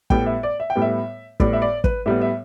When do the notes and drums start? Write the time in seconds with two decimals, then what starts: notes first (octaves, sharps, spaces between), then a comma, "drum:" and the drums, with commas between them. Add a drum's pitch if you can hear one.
0.10 A2 G3 B3 G5, drum: kick
0.26 E5
0.43 D5
0.60 E5
0.70 G5
0.75 A2 G3 B3
0.82 E5
1.40 A2 G3 B3 D5, drum: kick
1.53 E5
1.62 D5
1.84 B4, drum: kick
2.06 A2 G3 B3 E5
2.21 E5